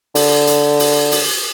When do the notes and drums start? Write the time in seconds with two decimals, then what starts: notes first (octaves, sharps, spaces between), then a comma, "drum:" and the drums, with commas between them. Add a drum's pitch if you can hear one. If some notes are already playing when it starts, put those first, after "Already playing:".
0.15 D3, drum: open hi-hat
0.47 drum: hi-hat
0.79 drum: open hi-hat
1.12 drum: open hi-hat